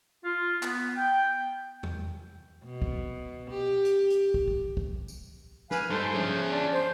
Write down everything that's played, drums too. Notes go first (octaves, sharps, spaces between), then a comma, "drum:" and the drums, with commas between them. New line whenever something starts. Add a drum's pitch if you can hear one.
F4
B3, drum: clap
G5
drum: tom E2
B2
drum: kick
G4
drum: hi-hat
drum: hi-hat
drum: kick
drum: kick
drum: kick
drum: tambourine
B4 F5 G#5, drum: snare
G2 G#3 D#4 A4 C5
F3 C#4 G#4 E5
D4
C5